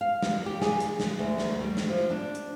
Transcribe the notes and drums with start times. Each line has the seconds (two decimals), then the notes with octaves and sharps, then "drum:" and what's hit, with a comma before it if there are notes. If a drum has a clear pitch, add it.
0.01 F5
0.22 drum: snare
0.46 G4
0.62 G#4, drum: snare
0.80 drum: hi-hat
1.00 drum: snare
1.19 D2
1.38 drum: snare
1.61 G3
1.77 drum: snare
1.89 F3
2.10 D4
2.35 drum: hi-hat